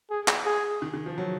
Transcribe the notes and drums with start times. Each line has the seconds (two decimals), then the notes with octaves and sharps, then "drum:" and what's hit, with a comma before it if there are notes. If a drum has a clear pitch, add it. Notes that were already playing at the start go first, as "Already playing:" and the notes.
0.10 G#4
0.28 drum: clap
0.45 G#4
0.82 D#3
0.94 D#3
1.06 F3
1.18 F#3